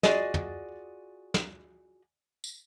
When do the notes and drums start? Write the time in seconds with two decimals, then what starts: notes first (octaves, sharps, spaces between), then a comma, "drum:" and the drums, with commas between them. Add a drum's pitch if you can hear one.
0.03 F4 F#4 G#4 D5 D#5, drum: snare
0.34 drum: tom
1.34 drum: snare
2.44 drum: tambourine